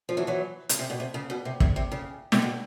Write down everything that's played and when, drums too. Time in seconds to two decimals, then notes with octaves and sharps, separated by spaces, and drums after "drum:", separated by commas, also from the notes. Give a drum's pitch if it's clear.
0.09 F3
0.17 E3 F#3
0.27 E3 F#3
0.69 C#3, drum: hi-hat
0.79 C3
0.90 B2
1.00 C3
1.14 C#3
1.30 B2
1.45 C3
1.60 C3, drum: kick
1.76 C3
1.92 C#3
2.32 C3, drum: snare
2.42 B2